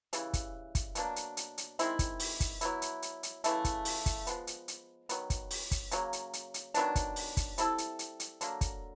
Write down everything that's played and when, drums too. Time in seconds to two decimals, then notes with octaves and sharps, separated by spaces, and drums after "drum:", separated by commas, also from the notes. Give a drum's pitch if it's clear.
0.13 C#3 E3 G3, drum: hi-hat
0.33 drum: kick, hi-hat
0.75 drum: kick, hi-hat
0.95 B2 F#3 A#3 D4, drum: hi-hat
1.16 drum: hi-hat
1.37 drum: hi-hat
1.58 drum: hi-hat
1.79 D#3 G#3 C4 E4, drum: hi-hat
1.99 drum: kick, hi-hat
2.20 drum: open hi-hat
2.40 drum: kick, hi-hat
2.61 F#3 B3 E4, drum: hi-hat
2.82 drum: hi-hat
3.02 drum: hi-hat
3.23 drum: hi-hat
3.44 C#3 E3 A3, drum: hi-hat
3.64 drum: kick, hi-hat
3.85 drum: open hi-hat
4.06 drum: kick, hi-hat
4.27 F3 G#3 B3, drum: hi-hat
4.47 drum: hi-hat
4.68 drum: hi-hat
5.09 D#3 F#3 B3, drum: hi-hat
5.30 drum: kick, hi-hat
5.51 drum: open hi-hat
5.71 drum: kick, hi-hat
5.91 C#3 F#3 A#3, drum: hi-hat
6.13 drum: hi-hat
6.33 drum: hi-hat
6.54 drum: hi-hat
6.74 D#3 F#3 B3 D4, drum: hi-hat
6.95 drum: kick, hi-hat
7.16 drum: open hi-hat
7.37 drum: kick, hi-hat
7.58 G3 C4 E4 A4, drum: hi-hat
7.78 drum: hi-hat
7.99 drum: hi-hat
8.20 drum: hi-hat
8.41 D3 F#3 A#3, drum: hi-hat
8.61 drum: kick, hi-hat